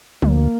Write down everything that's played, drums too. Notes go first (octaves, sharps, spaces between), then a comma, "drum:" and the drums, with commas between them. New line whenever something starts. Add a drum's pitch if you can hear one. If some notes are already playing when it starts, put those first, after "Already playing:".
D2 A#3, drum: tom